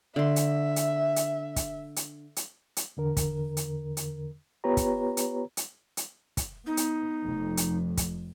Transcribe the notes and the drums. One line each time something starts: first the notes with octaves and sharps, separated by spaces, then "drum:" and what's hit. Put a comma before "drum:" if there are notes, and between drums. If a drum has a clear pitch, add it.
D3 E5 C6
drum: hi-hat
drum: hi-hat
drum: hi-hat
drum: kick, hi-hat
drum: hi-hat
drum: hi-hat
drum: hi-hat
E2 D3 A#4
drum: kick, hi-hat
drum: hi-hat
drum: hi-hat
B3 F4 G4 B4 C#5 A#5
drum: kick, hi-hat
drum: hi-hat
drum: hi-hat
drum: hi-hat
drum: kick, hi-hat
B3 D#4
drum: hi-hat
F1 F2
drum: hi-hat
drum: kick, hi-hat